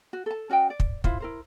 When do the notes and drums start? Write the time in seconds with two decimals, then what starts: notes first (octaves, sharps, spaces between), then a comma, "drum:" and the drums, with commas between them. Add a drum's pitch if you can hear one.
0.13 F#4
0.26 A4 A5
0.49 C#4 F#4 D#5 G5
0.70 D5
0.80 drum: kick
1.04 E4 F4 C5, drum: kick
1.20 E4 A#4 C5